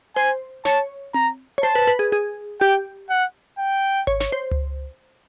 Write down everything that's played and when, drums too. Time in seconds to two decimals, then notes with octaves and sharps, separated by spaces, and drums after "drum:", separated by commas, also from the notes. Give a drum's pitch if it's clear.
0.16 C5 G#5, drum: hi-hat
0.65 C#5 A5, drum: snare
1.14 A#5, drum: tom C4
1.58 C#5
1.63 C5 A5
1.75 B4
1.87 B4, drum: hi-hat
1.99 G#4
2.12 G#4
2.61 G4 G5
3.10 F#5
3.58 G5
4.07 C#5, drum: kick G#1
4.20 C#5, drum: snare
4.32 C5
4.51 drum: tom C#2